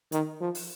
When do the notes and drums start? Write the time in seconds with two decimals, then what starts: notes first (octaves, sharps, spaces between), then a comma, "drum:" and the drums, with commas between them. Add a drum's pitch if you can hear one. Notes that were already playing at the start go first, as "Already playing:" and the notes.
0.12 D#3, drum: hi-hat
0.41 F3
0.55 drum: open hi-hat